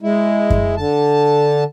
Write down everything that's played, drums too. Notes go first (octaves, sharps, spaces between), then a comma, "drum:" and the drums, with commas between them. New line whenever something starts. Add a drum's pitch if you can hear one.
G#3 E4
drum: kick F#2
D3 A5